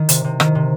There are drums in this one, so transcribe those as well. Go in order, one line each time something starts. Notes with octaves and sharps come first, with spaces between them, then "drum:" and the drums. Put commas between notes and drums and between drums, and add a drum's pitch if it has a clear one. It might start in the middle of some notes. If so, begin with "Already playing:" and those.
Already playing: D#3
C3, drum: hi-hat
C3
D#3, drum: rim click
C3